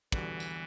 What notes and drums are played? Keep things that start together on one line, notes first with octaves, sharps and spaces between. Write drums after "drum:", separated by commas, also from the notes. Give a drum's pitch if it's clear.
E2 D3 E3 G3 B3 F#4, drum: kick
drum: tambourine